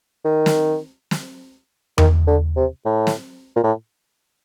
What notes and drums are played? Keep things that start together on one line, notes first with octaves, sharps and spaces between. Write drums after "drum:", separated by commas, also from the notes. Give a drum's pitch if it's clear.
D#3
drum: snare
drum: snare
D#3, drum: tom E2
D3
C3
A2
drum: snare
A#2
A2